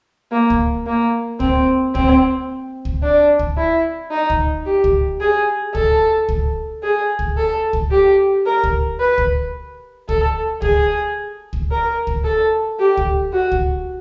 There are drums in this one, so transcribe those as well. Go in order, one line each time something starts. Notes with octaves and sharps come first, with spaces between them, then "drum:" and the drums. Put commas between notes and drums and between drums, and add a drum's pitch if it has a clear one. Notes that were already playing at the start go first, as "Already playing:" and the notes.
A#3
drum: kick
A#3
C4, drum: kick
C4, drum: kick
drum: kick
D4
drum: kick
E4
D#4
drum: kick
G4
drum: kick
G#4
A4, drum: kick
drum: kick
G#4
drum: kick
A4
drum: kick
G4
A#4
drum: kick
B4
drum: kick
A4, drum: kick
G#4, drum: kick
drum: kick
A#4
drum: kick
A4
G4
drum: kick
F#4
drum: kick